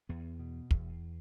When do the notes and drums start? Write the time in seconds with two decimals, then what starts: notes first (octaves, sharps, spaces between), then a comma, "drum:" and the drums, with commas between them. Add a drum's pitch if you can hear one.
0.09 E2 B3
0.39 B2
0.71 E2, drum: kick